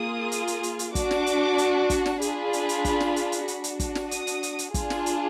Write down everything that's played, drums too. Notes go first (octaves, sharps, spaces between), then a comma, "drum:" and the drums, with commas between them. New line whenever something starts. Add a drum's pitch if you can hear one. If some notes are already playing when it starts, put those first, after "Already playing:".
Already playing: A#3 F4 G#4 D#6
drum: hi-hat
drum: hi-hat
drum: hi-hat
drum: hi-hat
D4 F#4 D6, drum: kick, hi-hat
drum: snare
drum: hi-hat
drum: hi-hat
drum: kick, hi-hat
drum: snare
D4 F4 G#4 B5, drum: hi-hat
drum: hi-hat
drum: hi-hat
drum: kick, hi-hat
drum: snare
drum: hi-hat
drum: hi-hat
D4 F#4, drum: hi-hat
drum: hi-hat
drum: kick, hi-hat
drum: snare
D#6, drum: hi-hat
drum: hi-hat
drum: hi-hat
drum: hi-hat
D4 F4 G#4, drum: kick, hi-hat
drum: snare
drum: hi-hat